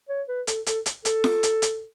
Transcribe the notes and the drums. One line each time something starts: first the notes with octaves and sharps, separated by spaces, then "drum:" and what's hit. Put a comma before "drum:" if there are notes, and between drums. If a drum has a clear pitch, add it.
C#5
B4
A4, drum: hi-hat
A4, drum: hi-hat
drum: hi-hat
A4, drum: hi-hat
drum: snare
drum: hi-hat
drum: hi-hat